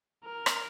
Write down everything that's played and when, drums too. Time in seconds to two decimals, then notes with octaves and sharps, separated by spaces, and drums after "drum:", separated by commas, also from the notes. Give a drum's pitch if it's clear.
0.24 A#4
0.46 drum: rim click